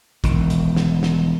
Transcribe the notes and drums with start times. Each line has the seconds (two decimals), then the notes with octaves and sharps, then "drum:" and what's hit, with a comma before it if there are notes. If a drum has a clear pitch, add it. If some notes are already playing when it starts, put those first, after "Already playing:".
0.24 E1 D#3, drum: kick, hi-hat
0.50 drum: hi-hat
0.76 drum: snare
1.03 drum: snare